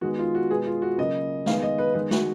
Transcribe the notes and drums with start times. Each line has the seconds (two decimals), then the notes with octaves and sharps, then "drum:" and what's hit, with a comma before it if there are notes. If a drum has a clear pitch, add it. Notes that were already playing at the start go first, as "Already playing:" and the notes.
0.01 D#3 G#3 B3 F#4
0.18 F4
0.35 F#4
0.49 B2 G#3 B3 G#4
0.66 F4
0.82 F#4
0.98 C#3 F#3 A#3 D#5
1.46 D#3 G#3 B3 F5, drum: snare
1.62 D#5
1.78 B4
1.94 D#3 G#3 B3 B4
2.11 F#4, drum: snare